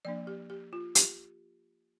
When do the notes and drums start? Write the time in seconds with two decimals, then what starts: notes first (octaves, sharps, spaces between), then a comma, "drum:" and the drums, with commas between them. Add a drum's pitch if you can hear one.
0.05 F3 A#3 D4 D5
0.27 G4
0.50 G4
0.73 F4
0.95 G4, drum: hi-hat